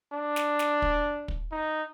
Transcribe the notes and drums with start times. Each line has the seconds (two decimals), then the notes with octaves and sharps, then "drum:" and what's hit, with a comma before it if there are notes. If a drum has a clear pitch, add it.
0.12 D4
0.36 drum: snare
0.59 drum: snare
0.82 drum: kick
1.28 drum: kick
1.52 D#4